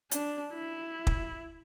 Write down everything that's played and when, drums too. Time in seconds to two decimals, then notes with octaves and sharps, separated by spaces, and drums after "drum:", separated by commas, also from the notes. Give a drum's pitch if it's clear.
0.11 D4, drum: hi-hat
0.53 E4
1.07 drum: kick